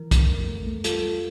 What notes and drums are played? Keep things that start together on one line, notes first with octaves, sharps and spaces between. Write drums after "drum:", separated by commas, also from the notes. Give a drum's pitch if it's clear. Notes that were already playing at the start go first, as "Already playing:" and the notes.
Already playing: E3 A#4
A3, drum: kick, hi-hat
F2
A3
A3
G3 F4 A4, drum: hi-hat
G3